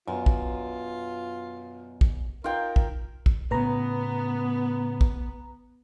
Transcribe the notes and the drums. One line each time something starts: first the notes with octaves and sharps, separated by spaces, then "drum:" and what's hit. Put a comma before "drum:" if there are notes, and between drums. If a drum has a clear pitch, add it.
F#2 B2 D4 F4
drum: kick
drum: kick
D#4 F4 A#4 G5
drum: kick
drum: kick
A2 C#3 B3 B4 A#5
drum: kick